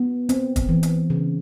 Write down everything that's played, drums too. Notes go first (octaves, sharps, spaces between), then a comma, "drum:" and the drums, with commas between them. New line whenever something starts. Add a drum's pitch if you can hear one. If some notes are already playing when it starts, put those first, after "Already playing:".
Already playing: B3
C4, drum: hi-hat
drum: kick, hi-hat
E3
drum: hi-hat
C#3